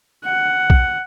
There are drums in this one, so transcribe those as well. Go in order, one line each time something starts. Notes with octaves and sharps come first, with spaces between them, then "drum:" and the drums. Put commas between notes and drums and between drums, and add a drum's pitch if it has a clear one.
F#5
drum: kick